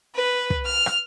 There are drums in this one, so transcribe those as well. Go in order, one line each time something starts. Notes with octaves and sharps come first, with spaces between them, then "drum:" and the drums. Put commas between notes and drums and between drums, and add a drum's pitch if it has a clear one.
B4
drum: kick
F6
drum: rim click